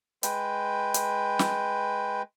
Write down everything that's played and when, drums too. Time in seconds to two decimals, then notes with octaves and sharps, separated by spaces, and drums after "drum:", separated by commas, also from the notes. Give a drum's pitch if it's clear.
0.23 G#3 B4 G5, drum: hi-hat
0.94 drum: hi-hat
1.39 drum: snare